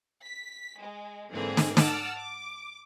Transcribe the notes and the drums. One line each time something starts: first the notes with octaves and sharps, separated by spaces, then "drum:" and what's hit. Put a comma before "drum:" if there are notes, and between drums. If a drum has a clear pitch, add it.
B6
G#3
G#2 D3 E3 A#3 C4 G#4
drum: snare
F#5 A5 D6 E6 F6, drum: snare
D6